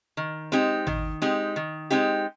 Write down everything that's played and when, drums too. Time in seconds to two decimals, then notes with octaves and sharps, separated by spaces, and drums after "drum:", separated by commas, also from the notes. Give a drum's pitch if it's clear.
0.17 D#3
0.52 G#3 C4 D#4 G4
0.87 D#3, drum: tom G#1
1.22 G#3 C4 D#4 G4
1.56 D#3
1.91 G#3 C4 D#4 G4